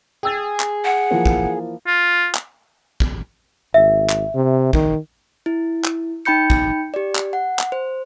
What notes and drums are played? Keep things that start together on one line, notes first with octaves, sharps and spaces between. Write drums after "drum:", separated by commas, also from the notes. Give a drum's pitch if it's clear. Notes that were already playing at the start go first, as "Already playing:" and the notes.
G#4 G5 E6 A6
drum: clap
F#5
E3 F3 A#3
drum: kick
F4
drum: clap
drum: kick
G#1 E5
drum: clap
C3
D#3, drum: kick
E4
drum: clap
D#4 G5 B5 G6 C#7
drum: kick
G4 D5
drum: clap
F#5
drum: clap
C5